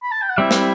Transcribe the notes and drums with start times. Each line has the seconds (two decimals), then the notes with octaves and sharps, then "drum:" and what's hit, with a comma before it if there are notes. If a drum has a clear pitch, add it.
0.03 B5
0.11 A5
0.21 G5
0.29 F#5
0.37 G3 C4 E4 E5
0.51 drum: snare